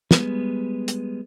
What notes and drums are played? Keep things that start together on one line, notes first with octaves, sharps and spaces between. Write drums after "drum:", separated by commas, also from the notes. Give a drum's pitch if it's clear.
G3 G#3 B3, drum: snare
drum: hi-hat